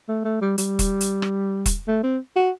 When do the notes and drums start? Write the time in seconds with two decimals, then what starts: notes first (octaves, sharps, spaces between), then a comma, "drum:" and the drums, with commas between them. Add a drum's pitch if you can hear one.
0.08 A3
0.25 A3
0.41 G3
0.58 G3, drum: hi-hat
0.79 drum: kick E1, hi-hat
1.01 drum: hi-hat
1.22 drum: rim click
1.66 drum: kick E1, hi-hat
1.88 A3
2.03 C4
2.36 F#4